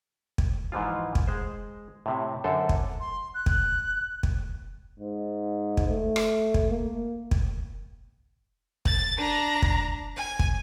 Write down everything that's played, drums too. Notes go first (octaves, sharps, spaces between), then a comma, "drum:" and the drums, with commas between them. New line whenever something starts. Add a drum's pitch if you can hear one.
drum: kick
G#2 E3 F3 F4
drum: kick
G#3 C5
A2 C3
F#2 D3 A4 C5
drum: kick
C6
F#6
drum: kick
drum: kick
G#2
drum: kick
A3
drum: rim click
drum: kick
A#3
drum: kick
A6, drum: kick
D4 A#5
drum: kick
G#5
drum: kick